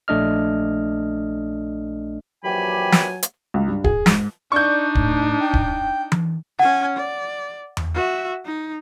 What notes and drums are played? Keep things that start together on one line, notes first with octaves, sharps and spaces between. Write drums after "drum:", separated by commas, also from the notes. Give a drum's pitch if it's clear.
A#1 A3 D4 D#5 F6
A#1 E3 F#3 G4 G#5 B5
drum: snare
drum: hi-hat
C#2
G2
G#4, drum: kick
G#2, drum: snare
D4 D#4 D5 C#6 G6
A2, drum: kick
G5
drum: kick
drum: tom E3
C#4 F#5 G#5
D5
drum: tom E2
F#4 E5
D#4